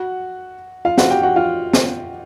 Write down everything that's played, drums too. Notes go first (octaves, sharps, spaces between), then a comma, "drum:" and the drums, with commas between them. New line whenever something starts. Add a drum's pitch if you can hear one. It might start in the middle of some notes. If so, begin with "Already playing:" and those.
Already playing: F#4 F#5
F4 F5
F#4 F#5, drum: snare
G4 G5
F#4 F#5
F4 F5
drum: snare